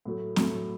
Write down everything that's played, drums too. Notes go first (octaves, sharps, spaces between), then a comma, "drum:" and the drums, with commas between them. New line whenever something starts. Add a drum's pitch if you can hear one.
A2 F#3 A3
A2 F#3 A3, drum: snare